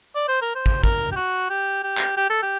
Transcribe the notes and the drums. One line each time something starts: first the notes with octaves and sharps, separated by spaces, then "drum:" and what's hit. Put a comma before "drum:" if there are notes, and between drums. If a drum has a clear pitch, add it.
D5
C5
A#4
C5
drum: kick
A#4, drum: kick
G4
F#4
G4
G4
drum: clap
G4
A4
G4